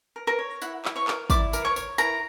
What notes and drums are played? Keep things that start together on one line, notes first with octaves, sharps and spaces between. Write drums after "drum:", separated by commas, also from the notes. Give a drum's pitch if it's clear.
A#4
A#4 A#5
C#5
E4 F#5, drum: tambourine
E4, drum: clap
C#5 C#6
A#4, drum: clap
E4 D5 D6, drum: kick, tambourine
A#4, drum: tambourine
C#5 C#6
C#5, drum: tambourine
E4 A#4 A#5, drum: tambourine